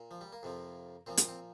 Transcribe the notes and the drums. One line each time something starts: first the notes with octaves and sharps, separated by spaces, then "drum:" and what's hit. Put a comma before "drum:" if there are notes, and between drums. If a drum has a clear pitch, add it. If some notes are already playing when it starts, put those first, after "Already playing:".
Already playing: A#2
F3
G3
A#3
F2 C3 F3
A#2 F3 C4
C4, drum: hi-hat
C4